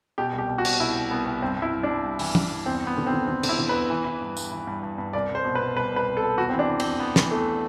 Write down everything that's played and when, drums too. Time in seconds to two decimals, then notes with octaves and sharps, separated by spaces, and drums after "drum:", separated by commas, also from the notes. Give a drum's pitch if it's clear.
0.18 B2 G4
0.33 C2
0.38 G4
0.48 B2
0.58 F#4
0.65 B2, drum: cymbal
0.80 C2 E4
0.96 C2
1.11 C2 B3
1.26 C2
1.42 G2 C4
1.57 G2
1.62 E4
1.73 G2
1.83 G2 D4
2.04 G2
2.19 E3, drum: open hi-hat
2.35 E3, drum: tom
2.51 G2
2.66 E2 C4
2.81 E2
2.87 B3
2.97 D3
3.07 C4
3.13 D3
3.27 D3 C4
3.43 D3, drum: cymbal
3.49 E4
3.59 D3
3.69 E2 B4
3.90 E3
4.05 E3
4.21 G2
4.37 G2, drum: tambourine
4.51 E3
4.67 G2
4.83 G2
4.98 G2
5.13 C2 D5
5.29 C2
5.35 C5
5.45 B2
5.55 B4
5.60 B2
5.75 C2 B4
5.91 C2
5.96 B4
6.06 C2
6.17 A4
6.23 B2
6.38 E2 F#4
6.49 E3 C4
6.59 D4
6.69 E3
6.80 C4, drum: cymbal
6.85 E2
7.00 E2 B3
7.16 E3, drum: snare
7.31 E2 A3